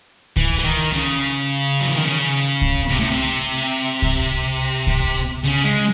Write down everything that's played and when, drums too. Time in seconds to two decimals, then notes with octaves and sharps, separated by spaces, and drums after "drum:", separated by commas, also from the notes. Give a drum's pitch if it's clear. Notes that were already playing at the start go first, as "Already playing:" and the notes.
0.37 E3, drum: kick C2
0.59 E3
0.64 D#3
0.93 C#3
1.81 F#3
1.89 E3
1.97 D#3
2.05 C#3
2.62 drum: kick C2
2.89 C3
3.00 A2
3.10 C3
4.02 drum: kick C2
4.87 drum: kick C2
5.44 C#3
5.64 G#3